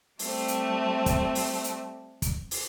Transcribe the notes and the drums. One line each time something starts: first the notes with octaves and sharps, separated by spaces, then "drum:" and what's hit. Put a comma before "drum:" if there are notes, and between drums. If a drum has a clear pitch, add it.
G3 A3 C4, drum: open hi-hat
drum: hi-hat
drum: kick, hi-hat
drum: open hi-hat
drum: hi-hat
drum: kick, hi-hat
drum: open hi-hat